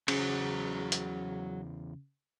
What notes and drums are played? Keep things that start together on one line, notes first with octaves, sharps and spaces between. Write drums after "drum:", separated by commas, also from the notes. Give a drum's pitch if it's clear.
E2 C#3 F#3 C#4 G#4 C5, drum: cymbal
drum: hi-hat